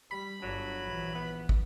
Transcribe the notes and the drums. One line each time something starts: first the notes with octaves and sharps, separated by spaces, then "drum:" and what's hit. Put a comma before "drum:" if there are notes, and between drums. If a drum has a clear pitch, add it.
G3 B5
G1 F#3 D4
A#1 E3
B3
drum: kick